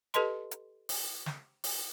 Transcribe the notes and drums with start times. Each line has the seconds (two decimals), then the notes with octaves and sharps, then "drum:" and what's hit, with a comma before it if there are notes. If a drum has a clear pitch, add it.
0.14 G4 A4 B4 D#5 A5 C6, drum: hi-hat
0.51 drum: hi-hat
0.89 drum: open hi-hat
1.26 drum: snare
1.64 drum: open hi-hat